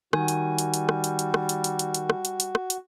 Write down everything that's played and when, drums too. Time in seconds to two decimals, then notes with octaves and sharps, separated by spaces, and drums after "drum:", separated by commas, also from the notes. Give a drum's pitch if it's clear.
0.13 D#3 G3 F#4 G#5, drum: rim click
0.28 drum: hi-hat
0.58 drum: hi-hat
0.74 drum: hi-hat
0.89 drum: rim click
1.04 drum: hi-hat
1.19 drum: hi-hat
1.34 drum: rim click
1.49 drum: hi-hat
1.64 drum: hi-hat
1.79 drum: hi-hat
1.94 drum: hi-hat
2.10 drum: rim click
2.25 drum: hi-hat
2.40 drum: hi-hat
2.55 drum: rim click
2.70 drum: hi-hat